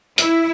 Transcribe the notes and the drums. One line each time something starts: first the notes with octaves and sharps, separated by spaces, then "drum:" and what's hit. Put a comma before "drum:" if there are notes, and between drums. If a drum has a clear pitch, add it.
E4, drum: hi-hat